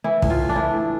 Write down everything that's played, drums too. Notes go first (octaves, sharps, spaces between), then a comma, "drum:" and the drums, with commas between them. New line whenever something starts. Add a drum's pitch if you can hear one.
E3 E4
A2, drum: kick
F4
E3
D4
E3 E4
A2